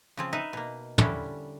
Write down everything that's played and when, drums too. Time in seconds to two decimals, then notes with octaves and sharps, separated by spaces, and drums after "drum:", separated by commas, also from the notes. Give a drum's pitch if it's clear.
0.17 C#3 F3 C4
0.33 D#4 B4 E5
0.53 B2 A#3
0.98 D3 G3 C#4 D4 E4, drum: tom